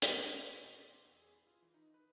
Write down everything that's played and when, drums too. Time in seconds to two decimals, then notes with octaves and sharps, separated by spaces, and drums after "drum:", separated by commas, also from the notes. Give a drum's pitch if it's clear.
0.02 drum: hi-hat
0.23 E6
0.45 C#6
0.58 B2
0.75 D5
0.89 C6
1.05 E2
1.22 G#4
1.34 E4
1.47 F4
1.62 E3
1.74 D#4
1.94 B4